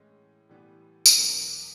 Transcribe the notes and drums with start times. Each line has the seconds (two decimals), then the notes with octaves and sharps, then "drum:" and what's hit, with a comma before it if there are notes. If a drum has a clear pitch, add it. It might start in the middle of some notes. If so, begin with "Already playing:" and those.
Already playing: A2 E3 G#3 C#4
0.49 A2 E3 G3 B3
1.06 drum: tambourine
1.18 E2 B2 F#3 A#3